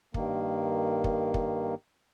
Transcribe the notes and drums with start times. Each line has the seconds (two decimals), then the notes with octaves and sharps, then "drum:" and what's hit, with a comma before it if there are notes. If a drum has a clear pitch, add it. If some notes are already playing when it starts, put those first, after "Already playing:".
0.14 G2 D#3 A#3, drum: kick
1.04 drum: kick
1.34 drum: kick